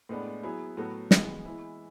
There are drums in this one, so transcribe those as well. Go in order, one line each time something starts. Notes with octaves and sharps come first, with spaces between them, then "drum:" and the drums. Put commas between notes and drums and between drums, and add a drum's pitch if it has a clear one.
A2 G#3 B3 D4
F#3 B3 E4 G#4
A2 F#3 B3 F#4 A4
E3 G#3 B3, drum: snare
E3 G#3 B3 E4